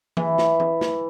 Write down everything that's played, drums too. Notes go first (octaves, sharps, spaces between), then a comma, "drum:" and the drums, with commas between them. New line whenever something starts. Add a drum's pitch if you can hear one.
E3, drum: tom E3
drum: snare
drum: tom E3
drum: snare